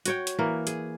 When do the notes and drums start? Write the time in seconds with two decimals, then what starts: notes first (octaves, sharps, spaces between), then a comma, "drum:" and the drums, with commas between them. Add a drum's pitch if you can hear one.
0.06 F#4 C#5 G5, drum: hi-hat
0.27 drum: hi-hat
0.39 E3 A#3
0.67 G#4, drum: hi-hat